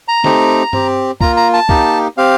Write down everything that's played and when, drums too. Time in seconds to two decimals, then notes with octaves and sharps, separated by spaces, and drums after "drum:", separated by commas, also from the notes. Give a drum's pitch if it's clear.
0.08 A#5
0.24 A3 C4 D#4 G4, drum: snare
0.73 C4 G4, drum: tom G2
1.21 A#3 F4 A#5, drum: kick
1.37 A#5
1.53 A5
1.69 A#3 D#4 G4, drum: kick
2.17 C4 G4 F5